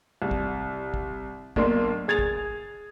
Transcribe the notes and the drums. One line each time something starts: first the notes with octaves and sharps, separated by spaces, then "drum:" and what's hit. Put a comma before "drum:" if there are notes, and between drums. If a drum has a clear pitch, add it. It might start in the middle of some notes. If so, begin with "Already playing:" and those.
C2
drum: kick
drum: kick
B1 A#3 D4 C6, drum: kick
G#4 G#6 A6 F7
drum: kick